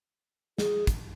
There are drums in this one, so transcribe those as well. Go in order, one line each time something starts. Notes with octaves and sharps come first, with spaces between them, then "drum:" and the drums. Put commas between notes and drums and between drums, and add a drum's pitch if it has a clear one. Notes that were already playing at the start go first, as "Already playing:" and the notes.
G#4, drum: snare
drum: kick, hi-hat